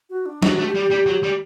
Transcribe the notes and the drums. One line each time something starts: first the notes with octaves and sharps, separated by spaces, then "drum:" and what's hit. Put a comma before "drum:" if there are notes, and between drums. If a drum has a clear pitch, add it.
F#4
D4
F#3 F#4, drum: snare
A3
G4
G3
G3
F#3
G3